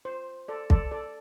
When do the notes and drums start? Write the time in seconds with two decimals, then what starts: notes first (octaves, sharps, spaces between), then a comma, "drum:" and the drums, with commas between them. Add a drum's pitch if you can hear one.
0.05 C5
0.48 A4 D5
0.70 A4 D5, drum: kick
0.91 A4 D5